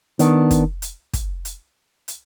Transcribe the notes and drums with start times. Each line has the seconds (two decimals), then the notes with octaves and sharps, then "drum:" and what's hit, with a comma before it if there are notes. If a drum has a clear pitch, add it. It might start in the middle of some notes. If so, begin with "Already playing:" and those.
0.19 D#3 B3 D4, drum: hi-hat
0.51 drum: kick, hi-hat
0.82 drum: hi-hat
1.13 drum: kick, hi-hat
1.45 drum: hi-hat
2.08 drum: hi-hat